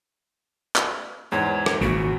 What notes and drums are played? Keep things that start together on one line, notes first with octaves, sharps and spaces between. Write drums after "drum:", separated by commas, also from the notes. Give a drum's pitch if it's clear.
drum: clap
E2 G#2 C#5
drum: rim click
G#1 A#2 C#3 F#4